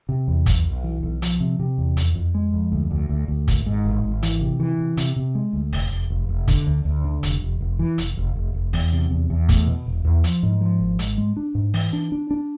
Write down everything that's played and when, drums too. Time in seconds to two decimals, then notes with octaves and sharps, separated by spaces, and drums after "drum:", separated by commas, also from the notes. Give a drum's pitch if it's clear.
0.09 C3
0.28 E2
0.46 B1, drum: kick, hi-hat
0.65 B1
0.84 E3
1.03 B1
1.22 F3, drum: hi-hat
1.40 C3
1.60 C3
1.78 E2
1.97 F2, drum: hi-hat
2.15 F2
2.35 G#3
2.53 F2
2.72 D2
2.91 D2
3.09 D2
3.28 D2
3.48 G#1, drum: kick, hi-hat
3.66 G#2
3.85 G#1
4.04 G#1
4.23 E3, drum: hi-hat
4.41 C3
4.60 E3
4.79 C3
4.97 C3, drum: hi-hat
5.16 C3
5.35 G#3
5.53 D2
5.73 F1, drum: open hi-hat
5.91 F1
6.10 F1
6.29 F1
6.48 D3, drum: kick, hi-hat
6.67 D2
6.85 D2
7.04 D3
7.23 F1, drum: hi-hat
7.42 F1
7.61 F1
7.79 E3
7.98 F1, drum: hi-hat
8.17 F1
8.35 F1
8.54 F1
8.73 E2, drum: open hi-hat
8.92 C3
9.11 E2
9.30 E2
9.49 A3, drum: kick, hi-hat
9.67 B2
9.86 E1
10.05 E2
10.24 F3, drum: hi-hat
10.43 G#2
10.61 F3
10.80 G#1
10.99 G#2, drum: hi-hat
11.18 G#3
11.37 D4
11.55 G#2
11.74 E3, drum: open hi-hat
11.93 D4
12.12 D4
12.31 D4